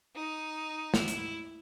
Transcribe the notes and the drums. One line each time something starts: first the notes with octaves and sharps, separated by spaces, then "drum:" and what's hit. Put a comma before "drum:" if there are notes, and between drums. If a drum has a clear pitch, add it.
D#4
E4, drum: snare
drum: hi-hat